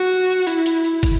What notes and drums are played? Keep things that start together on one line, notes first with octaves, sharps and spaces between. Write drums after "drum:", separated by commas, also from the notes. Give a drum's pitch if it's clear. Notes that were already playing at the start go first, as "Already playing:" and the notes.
Already playing: F#4
E4, drum: hi-hat
drum: hi-hat
drum: hi-hat
drum: kick, hi-hat